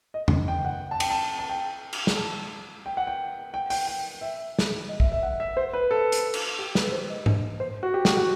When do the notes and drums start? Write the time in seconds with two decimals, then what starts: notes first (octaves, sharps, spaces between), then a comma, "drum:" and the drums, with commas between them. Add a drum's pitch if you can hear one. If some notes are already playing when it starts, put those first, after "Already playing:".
0.14 D#5
0.28 drum: tom E2
0.48 G5
0.65 F#5
0.91 A5
1.00 G5, drum: cymbal
1.10 A5
1.39 A5
1.49 G5
1.93 drum: cymbal
2.07 drum: snare
2.17 A5
2.86 G5
2.97 F#5
3.07 G5
3.54 G5
3.70 G5, drum: open hi-hat
3.87 G5
4.21 E5
4.59 drum: snare
4.89 D#5
5.00 E5, drum: kick
5.12 E5
5.23 F#5
5.40 E5
5.57 C5
5.73 B4
5.91 A4
6.12 drum: hi-hat
6.34 drum: cymbal
6.59 G4
6.75 B4, drum: snare
6.92 C5
7.09 D#5
7.26 drum: tom G#2
7.60 C5
7.83 F#4
7.94 G4
8.05 F#4, drum: snare
8.17 F#4